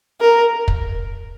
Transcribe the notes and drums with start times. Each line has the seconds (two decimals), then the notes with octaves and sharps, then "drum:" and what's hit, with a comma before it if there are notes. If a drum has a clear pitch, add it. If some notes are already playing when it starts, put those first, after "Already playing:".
0.21 A#4
0.68 drum: kick